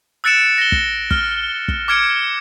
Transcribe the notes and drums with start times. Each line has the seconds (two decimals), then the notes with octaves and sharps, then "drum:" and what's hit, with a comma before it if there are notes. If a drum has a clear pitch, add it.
0.24 E6 F#6 A6 C#7 D7 E7
0.58 A#6 G7
0.72 drum: kick
1.11 F6, drum: kick
1.68 drum: kick
1.88 D6 F6 G#6 C#7 D7